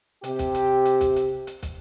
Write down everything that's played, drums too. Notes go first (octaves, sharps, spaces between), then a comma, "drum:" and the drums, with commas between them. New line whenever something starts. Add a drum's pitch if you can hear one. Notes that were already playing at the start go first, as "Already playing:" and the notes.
C3 G4, drum: hi-hat
drum: kick, hi-hat
drum: hi-hat
drum: hi-hat
drum: kick, hi-hat
drum: hi-hat
drum: hi-hat
drum: kick, hi-hat